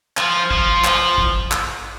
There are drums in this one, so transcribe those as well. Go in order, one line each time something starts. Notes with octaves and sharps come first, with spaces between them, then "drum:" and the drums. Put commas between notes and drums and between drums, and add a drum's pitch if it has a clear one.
F3, drum: clap
F3, drum: kick A1
drum: clap
drum: kick A1
drum: clap